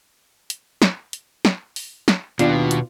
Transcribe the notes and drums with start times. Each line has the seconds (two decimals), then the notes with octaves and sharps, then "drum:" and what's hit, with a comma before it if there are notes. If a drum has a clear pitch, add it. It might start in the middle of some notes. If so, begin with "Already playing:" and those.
0.50 drum: hi-hat
0.82 drum: snare
1.13 drum: hi-hat
1.45 drum: snare
1.76 drum: open hi-hat
2.08 drum: snare
2.39 D#2 B2 B3 D4 F4, drum: hi-hat
2.71 drum: hi-hat